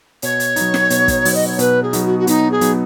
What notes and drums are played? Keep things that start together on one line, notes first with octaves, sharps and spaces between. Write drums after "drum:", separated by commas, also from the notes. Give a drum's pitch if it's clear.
B2 C#5, drum: hi-hat
drum: hi-hat
F#3 B3 D#4, drum: hi-hat
drum: snare
B2, drum: hi-hat
drum: kick, hi-hat
F#3 B3 D#4, drum: open hi-hat
D#5
C#5
B2 B4, drum: hi-hat
G#4
F#3 B3 D#4, drum: hi-hat
F#4
F#4
B2 D#4, drum: hi-hat
G#4
F#3 B3 D#4, drum: hi-hat